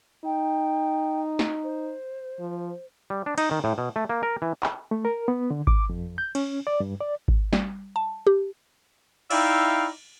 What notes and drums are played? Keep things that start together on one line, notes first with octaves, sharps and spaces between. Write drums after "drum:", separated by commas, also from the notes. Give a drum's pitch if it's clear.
D#4 G5
drum: snare
C5
F3
G3
D4
D#4, drum: cymbal
D#3
A2
B2
A3
A#3
A#4
E3
drum: clap
A3
A#4
B3
D3
D6, drum: kick G#1
F2
G6
C#4, drum: cymbal
D5
G2
D5
drum: kick G#1
G3, drum: snare
A5
G4
D#4 E4 D5 E5 F5 G5, drum: cymbal